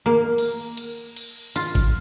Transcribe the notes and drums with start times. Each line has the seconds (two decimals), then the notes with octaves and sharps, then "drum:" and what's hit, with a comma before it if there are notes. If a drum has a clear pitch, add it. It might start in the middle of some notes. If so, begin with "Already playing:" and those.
0.06 A#3
0.38 drum: cymbal
0.77 drum: cymbal
1.16 drum: cymbal
1.56 F4, drum: cymbal
1.75 drum: kick